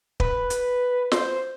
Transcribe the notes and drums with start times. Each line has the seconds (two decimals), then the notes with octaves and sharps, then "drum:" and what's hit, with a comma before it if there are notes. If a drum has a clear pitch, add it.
0.20 B4, drum: kick
0.50 drum: hi-hat
1.12 C5, drum: snare